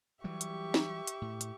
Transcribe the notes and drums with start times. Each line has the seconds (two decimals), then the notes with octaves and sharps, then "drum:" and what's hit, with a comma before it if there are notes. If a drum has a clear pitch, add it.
0.24 E3 F#3 G3 G4 E5 C#6
0.41 drum: hi-hat
0.74 drum: snare
1.07 drum: hi-hat
1.22 A2
1.41 drum: hi-hat